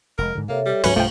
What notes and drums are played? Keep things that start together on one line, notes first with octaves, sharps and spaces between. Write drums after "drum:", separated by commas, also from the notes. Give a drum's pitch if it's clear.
F1 G#3 A#4
G#2 D3
C3 A#3 A4 C#5 E5
G3
D2 G#2 F#3 C#4 B4, drum: cymbal
B1 G2 F3 A3 G5